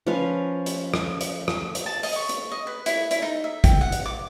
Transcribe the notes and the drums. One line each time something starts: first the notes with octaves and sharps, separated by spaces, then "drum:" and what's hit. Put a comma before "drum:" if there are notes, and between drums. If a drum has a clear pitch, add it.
F3 C#4 B4 F5
drum: hi-hat
drum: rim click
drum: hi-hat
drum: rim click
drum: hi-hat
A5
D#5, drum: open hi-hat
C#6
drum: hi-hat
D#5
B4
E4, drum: hi-hat
E4, drum: hi-hat
D#4
E5
G5, drum: kick, hi-hat
F#5
drum: hi-hat
D6